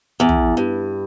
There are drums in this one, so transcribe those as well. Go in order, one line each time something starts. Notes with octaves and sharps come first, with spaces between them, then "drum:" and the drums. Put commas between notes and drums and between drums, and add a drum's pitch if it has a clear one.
E2
drum: tom
G2